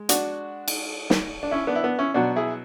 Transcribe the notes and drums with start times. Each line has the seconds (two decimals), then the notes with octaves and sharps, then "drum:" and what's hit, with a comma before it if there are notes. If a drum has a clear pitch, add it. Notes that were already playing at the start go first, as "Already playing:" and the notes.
Already playing: G#3
0.09 D4 F#4, drum: hi-hat
0.68 drum: cymbal
1.10 drum: snare
1.43 D4
1.51 C#4 E4
1.67 B3 D4
1.76 E4
1.83 B3 D4
1.98 C#4 E4
2.14 B2 F#3 D4 F#4
2.36 E4 G#4